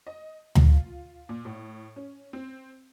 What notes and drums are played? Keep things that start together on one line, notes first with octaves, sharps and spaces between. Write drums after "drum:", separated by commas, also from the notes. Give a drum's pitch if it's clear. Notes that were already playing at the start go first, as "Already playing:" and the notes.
D#5
F4, drum: tom D2
A#2
A2
C#4
C4